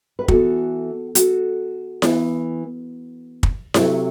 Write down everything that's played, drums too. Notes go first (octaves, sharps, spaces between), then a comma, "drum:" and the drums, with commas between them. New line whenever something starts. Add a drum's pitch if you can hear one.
B4
E3 B3 F#4 A4, drum: kick
F#4 A4, drum: hi-hat
E3 B3, drum: snare E4
drum: kick
C3 F#3 A3, drum: snare E4